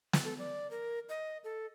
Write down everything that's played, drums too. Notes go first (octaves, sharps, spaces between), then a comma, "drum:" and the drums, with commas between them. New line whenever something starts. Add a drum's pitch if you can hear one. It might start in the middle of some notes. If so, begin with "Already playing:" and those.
drum: snare
A4
D5
A#4
D#5
A4